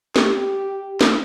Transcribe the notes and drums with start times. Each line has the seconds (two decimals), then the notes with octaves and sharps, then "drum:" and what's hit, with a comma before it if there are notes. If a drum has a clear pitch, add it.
0.16 G4, drum: snare
1.01 drum: snare